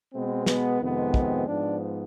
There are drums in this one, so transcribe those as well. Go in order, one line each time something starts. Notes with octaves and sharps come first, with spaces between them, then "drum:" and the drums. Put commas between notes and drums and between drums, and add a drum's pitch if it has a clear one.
B2 G#3 B3 C4
B3, drum: snare
F2 C3 D#3 G#3 B3
C4, drum: kick
G#2 F3 B3 D4